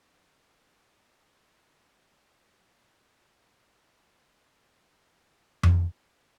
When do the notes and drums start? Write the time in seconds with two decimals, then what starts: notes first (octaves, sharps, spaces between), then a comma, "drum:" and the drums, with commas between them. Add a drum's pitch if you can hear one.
0.14 G#5
0.38 C6
0.71 C#6
2.03 G2 A3 C#4
2.95 E4
4.27 C#4 E4 D5
5.63 drum: tom F2
5.91 C5